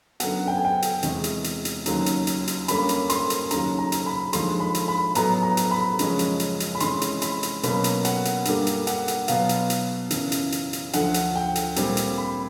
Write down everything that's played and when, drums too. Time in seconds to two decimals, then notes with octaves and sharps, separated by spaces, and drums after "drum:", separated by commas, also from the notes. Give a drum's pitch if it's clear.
0.20 F#2 D3 F#3 B3 F#5, drum: hi-hat
0.47 G5
0.56 G#5
0.65 G5
0.82 drum: hi-hat
1.03 E2 C3 E3 G#3, drum: hi-hat
1.24 drum: hi-hat
1.44 drum: hi-hat
1.65 drum: hi-hat
1.86 D#2 C#3 F#3, drum: hi-hat
2.06 drum: hi-hat
2.27 drum: hi-hat
2.48 drum: hi-hat
2.68 F#2 D3 G3 A#3 C#4 B5, drum: hi-hat
2.89 drum: hi-hat
3.10 C6, drum: hi-hat
3.30 drum: hi-hat
3.51 D#2 C#3 F#3 A#5, drum: hi-hat
3.79 A#5
3.92 drum: hi-hat
4.06 B5
4.33 D#2 D3 F3 G#3 C6, drum: hi-hat
4.60 B5
4.74 drum: hi-hat
4.88 B5
5.15 A2 F#3 B3 A#5, drum: hi-hat
5.43 A#5
5.57 drum: hi-hat
5.71 B5
5.99 F#2 C#3 F3 G#3 C#4, drum: hi-hat
6.19 drum: hi-hat
6.40 drum: hi-hat
6.60 drum: hi-hat
6.75 B5
6.80 C3 E3 G#3 C#4 C6, drum: hi-hat
7.01 drum: hi-hat
7.22 B5, drum: hi-hat
7.43 drum: hi-hat
7.63 B2 F#3 A#3 C#4 B5, drum: hi-hat
7.84 drum: hi-hat
8.05 F#5, drum: hi-hat
8.25 drum: hi-hat
8.45 G2 D3 G3 A#3, drum: hi-hat
8.67 drum: hi-hat
8.87 F#5, drum: hi-hat
9.08 drum: hi-hat
9.28 B2 F#3 B3 F5, drum: hi-hat
9.49 drum: hi-hat
9.70 drum: hi-hat
10.10 F#2 C#3 E3, drum: hi-hat
10.32 drum: hi-hat
10.52 drum: hi-hat
10.73 drum: hi-hat
10.93 D2 D3 F3 F#5, drum: hi-hat
11.14 drum: hi-hat
11.35 G5
11.55 drum: hi-hat
11.76 A#2 G3 C4, drum: hi-hat
11.97 drum: hi-hat
12.18 B5